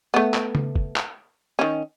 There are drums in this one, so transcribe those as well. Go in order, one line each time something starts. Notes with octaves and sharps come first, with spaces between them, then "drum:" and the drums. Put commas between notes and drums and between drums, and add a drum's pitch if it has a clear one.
A3 B3
drum: clap
drum: tom C#3
drum: kick
drum: clap
D#3 C#4